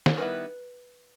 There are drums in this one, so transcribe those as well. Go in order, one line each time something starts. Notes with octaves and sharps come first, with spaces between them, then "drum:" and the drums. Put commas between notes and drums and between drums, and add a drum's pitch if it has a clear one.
drum: snare
D#3 G3 B3 E4 B4